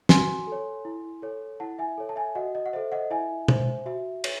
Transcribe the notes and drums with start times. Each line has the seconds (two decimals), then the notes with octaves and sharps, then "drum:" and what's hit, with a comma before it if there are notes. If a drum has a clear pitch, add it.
0.09 F#4 G#5 C6, drum: snare
0.47 A4 C#5
0.85 E4
1.22 A4 C#5
1.60 E4 F#5 A5
1.79 E5 G#5
1.97 A4 C#5
2.09 A5
2.16 E5 G#5
2.35 F#4 D#5 F#5
2.55 D#5
2.66 F#5
2.73 A4 C5 E5
2.92 D#5 F#5
3.11 E4 E5 G#5
3.48 C5, drum: tom
3.86 F#4 E5
4.24 C#5, drum: cymbal